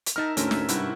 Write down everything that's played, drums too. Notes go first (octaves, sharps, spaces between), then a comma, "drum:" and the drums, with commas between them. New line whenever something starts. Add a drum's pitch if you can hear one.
drum: hi-hat
D#4 A#4 E5 A5 F6
D2 G#2 C#4 A#4 E5, drum: hi-hat
E5, drum: snare
G2 C3 E4 F#4, drum: hi-hat